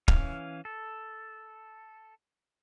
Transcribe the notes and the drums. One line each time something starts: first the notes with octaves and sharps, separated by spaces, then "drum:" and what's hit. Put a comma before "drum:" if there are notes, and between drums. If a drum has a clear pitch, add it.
E3 C#4 F5, drum: kick
A4